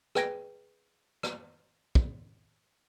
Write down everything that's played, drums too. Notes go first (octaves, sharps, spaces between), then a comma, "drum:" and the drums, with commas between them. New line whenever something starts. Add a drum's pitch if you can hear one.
G#4 B4 G5 G#6 A#6 D7, drum: rim click
drum: rim click
drum: kick